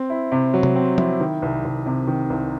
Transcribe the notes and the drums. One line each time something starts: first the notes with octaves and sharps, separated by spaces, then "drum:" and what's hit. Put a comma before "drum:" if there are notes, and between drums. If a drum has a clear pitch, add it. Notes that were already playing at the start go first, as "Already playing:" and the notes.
Already playing: C4
E4
C3
F#3
drum: tom C3
C4
E4, drum: tom F3
D#3
C2
C2
C3
D#3
C2